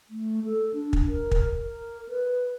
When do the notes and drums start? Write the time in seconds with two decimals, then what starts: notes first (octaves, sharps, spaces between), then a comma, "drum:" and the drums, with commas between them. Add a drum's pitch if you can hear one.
0.10 A3
0.45 A4
0.74 D4
0.93 drum: kick
1.08 A#4
1.31 drum: kick
1.61 A#4
2.09 B4